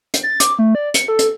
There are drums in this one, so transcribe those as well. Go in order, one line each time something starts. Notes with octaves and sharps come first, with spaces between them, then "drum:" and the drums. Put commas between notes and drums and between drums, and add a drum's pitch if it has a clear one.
drum: hi-hat
A6
D6, drum: hi-hat
A3
D5
C#7, drum: hi-hat
A4
drum: hi-hat